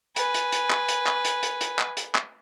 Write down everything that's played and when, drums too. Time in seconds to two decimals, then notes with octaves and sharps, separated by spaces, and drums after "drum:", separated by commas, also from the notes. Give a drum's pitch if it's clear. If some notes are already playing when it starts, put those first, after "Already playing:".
0.16 B4 G#5, drum: hi-hat
0.34 drum: hi-hat
0.52 drum: hi-hat
0.70 drum: clap
0.88 drum: hi-hat
1.07 drum: clap
1.25 drum: hi-hat
1.43 drum: hi-hat
1.61 drum: hi-hat
1.79 drum: clap
1.97 drum: hi-hat
2.15 drum: clap